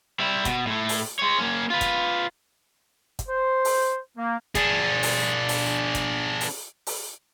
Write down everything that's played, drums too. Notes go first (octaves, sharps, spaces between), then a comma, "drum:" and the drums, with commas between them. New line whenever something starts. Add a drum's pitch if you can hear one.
G3 E4
B2, drum: kick, hi-hat
A2 A3
drum: open hi-hat
G#3 C#5
A#3 C#4
F4 B4
drum: kick, hi-hat
drum: kick, hi-hat
C5
drum: open hi-hat
A#3
D4 G#4, drum: kick, hi-hat
drum: open hi-hat
drum: open hi-hat
drum: kick, hi-hat
drum: open hi-hat
drum: open hi-hat